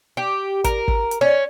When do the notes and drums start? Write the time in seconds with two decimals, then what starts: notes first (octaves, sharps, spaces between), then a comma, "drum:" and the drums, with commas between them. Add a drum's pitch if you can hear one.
0.17 G4
0.64 A#4, drum: kick, hi-hat
0.88 drum: kick
1.11 drum: hi-hat
1.21 C#4